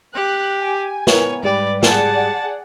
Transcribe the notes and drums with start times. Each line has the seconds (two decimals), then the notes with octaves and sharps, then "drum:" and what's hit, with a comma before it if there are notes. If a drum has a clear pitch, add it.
0.14 G4 F#6
0.59 G#5
1.07 B3 E4 A#4 C#5, drum: snare
1.43 G#2 G3 G4 B4 D5
1.83 G#4 D5 F#5 A5, drum: snare